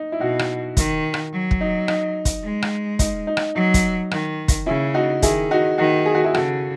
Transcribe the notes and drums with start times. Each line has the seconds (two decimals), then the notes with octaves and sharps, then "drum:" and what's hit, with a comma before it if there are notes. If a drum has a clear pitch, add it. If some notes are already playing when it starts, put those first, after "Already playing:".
Already playing: D#4
0.12 E4
0.20 B2 D#4 F#4
0.39 drum: rim click
0.77 D#3, drum: kick, hi-hat
1.14 drum: rim click
1.32 F#3
1.51 drum: kick
1.61 D#4
1.88 D#4, drum: rim click
2.25 drum: kick, hi-hat
2.43 G#3
2.62 drum: rim click
2.99 D#4, drum: kick, hi-hat
3.27 D#4
3.37 drum: rim click
3.55 F#3 D#4
3.74 drum: kick, hi-hat
4.11 D#3, drum: rim click
4.48 drum: kick, hi-hat
4.66 C#3 C#4 E4
4.94 D#4 F#4
5.22 D#3 E4 G#4, drum: kick, hi-hat
5.51 D#4 F#4
5.78 D#3 D#4 F#4
6.06 G#4
6.15 F#4
6.24 E4 G#4
6.34 C#3 F#4 A4, drum: rim click